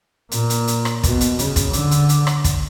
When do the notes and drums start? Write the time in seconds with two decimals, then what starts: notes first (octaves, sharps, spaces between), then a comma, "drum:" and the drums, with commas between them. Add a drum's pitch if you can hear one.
0.31 A#2, drum: hi-hat
0.50 drum: hi-hat
0.67 drum: hi-hat
0.85 drum: rim click
1.03 B2, drum: kick, hi-hat
1.21 drum: hi-hat
1.39 C#3, drum: hi-hat
1.56 drum: kick, hi-hat
1.73 D3, drum: hi-hat
1.91 drum: hi-hat
2.09 drum: hi-hat
2.27 drum: rim click
2.44 drum: kick, hi-hat